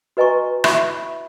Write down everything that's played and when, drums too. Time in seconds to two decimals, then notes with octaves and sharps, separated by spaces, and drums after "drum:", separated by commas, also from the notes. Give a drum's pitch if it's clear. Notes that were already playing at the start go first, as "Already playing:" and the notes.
0.17 F#4 B4 D#5 G#5 A#5 C#6
0.64 E4 E5 B5 C#6, drum: rim click